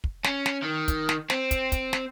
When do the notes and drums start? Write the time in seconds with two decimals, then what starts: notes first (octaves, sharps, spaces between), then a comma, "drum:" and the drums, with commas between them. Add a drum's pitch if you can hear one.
0.04 drum: kick
0.25 C#4, drum: snare
0.46 drum: snare
0.62 D#3
0.88 drum: kick, hi-hat
1.09 drum: snare
1.30 C4, drum: snare
1.51 drum: kick, hi-hat
1.72 drum: kick, hi-hat
1.93 drum: snare